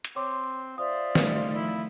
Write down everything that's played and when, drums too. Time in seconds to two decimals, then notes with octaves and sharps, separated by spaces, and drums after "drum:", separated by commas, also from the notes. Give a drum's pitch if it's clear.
0.05 drum: hi-hat
0.16 C4 C#5 C6 D6
0.78 F4 C5 D5 E5 D#6
1.15 D#3 G3 A3, drum: snare
1.54 F3 E4